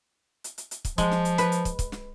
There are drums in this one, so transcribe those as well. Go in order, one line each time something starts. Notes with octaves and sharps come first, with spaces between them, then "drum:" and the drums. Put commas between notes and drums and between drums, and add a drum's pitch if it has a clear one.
drum: hi-hat
drum: hi-hat
drum: hi-hat
drum: kick, hi-hat
F3 G#3, drum: kick, hi-hat
drum: snare
drum: hi-hat
B4, drum: hi-hat
drum: hi-hat
drum: kick, hi-hat
drum: kick, hi-hat
drum: snare